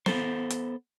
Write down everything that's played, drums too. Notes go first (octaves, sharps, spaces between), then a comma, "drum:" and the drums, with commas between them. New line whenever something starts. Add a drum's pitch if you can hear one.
B3 A4 C5, drum: snare
drum: hi-hat